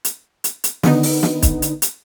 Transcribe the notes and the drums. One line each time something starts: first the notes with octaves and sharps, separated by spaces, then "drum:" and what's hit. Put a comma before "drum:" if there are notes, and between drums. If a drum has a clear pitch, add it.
drum: hi-hat
drum: hi-hat
drum: hi-hat
D3 D#3 B3 D#4, drum: snare
drum: open hi-hat
drum: snare
drum: kick, hi-hat
drum: hi-hat
drum: hi-hat